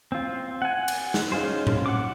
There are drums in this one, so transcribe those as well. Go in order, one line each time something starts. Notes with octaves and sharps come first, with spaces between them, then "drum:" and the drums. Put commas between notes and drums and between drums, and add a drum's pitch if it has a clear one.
C4 F4
F#5 G#5
drum: cymbal
drum: snare
C#4 D#4 F4 G#4 C5
drum: tom A2
F#5 D6